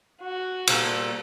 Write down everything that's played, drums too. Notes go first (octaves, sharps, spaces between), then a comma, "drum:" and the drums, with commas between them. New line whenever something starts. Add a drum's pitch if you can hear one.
F#4
A#2 G3 A4, drum: cymbal